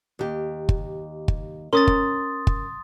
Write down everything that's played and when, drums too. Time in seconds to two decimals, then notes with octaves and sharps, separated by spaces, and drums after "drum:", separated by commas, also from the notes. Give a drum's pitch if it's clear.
0.19 D#2 G4
0.69 drum: kick
1.28 drum: kick
1.73 C#4 A#4 C6 D#6 A6
1.87 drum: kick
2.47 drum: kick